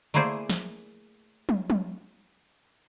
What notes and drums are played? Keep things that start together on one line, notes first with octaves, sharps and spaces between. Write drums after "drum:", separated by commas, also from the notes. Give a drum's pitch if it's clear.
A3 A#3 E4 G#4 C5 D5
drum: snare
drum: tom
drum: tom